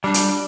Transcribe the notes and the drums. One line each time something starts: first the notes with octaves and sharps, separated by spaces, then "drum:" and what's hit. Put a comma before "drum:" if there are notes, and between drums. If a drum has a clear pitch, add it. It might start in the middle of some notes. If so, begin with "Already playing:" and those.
G3 D4
drum: hi-hat